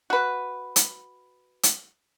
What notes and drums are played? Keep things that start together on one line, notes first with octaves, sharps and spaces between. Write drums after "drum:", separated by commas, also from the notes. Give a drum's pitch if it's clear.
F#4 B4
drum: hi-hat
drum: hi-hat